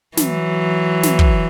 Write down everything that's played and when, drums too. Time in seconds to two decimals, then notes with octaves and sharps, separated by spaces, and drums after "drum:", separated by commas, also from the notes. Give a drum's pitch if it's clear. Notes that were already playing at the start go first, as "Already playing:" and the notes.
0.17 E3 F#3, drum: snare
1.03 drum: snare
1.19 drum: kick